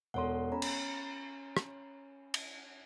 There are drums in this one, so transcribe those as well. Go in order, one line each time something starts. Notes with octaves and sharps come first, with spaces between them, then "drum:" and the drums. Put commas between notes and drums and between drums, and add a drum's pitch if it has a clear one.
E1 A4 C#5 F#5 C6
C#4 A#5 B5
drum: cymbal
drum: rim click
drum: cymbal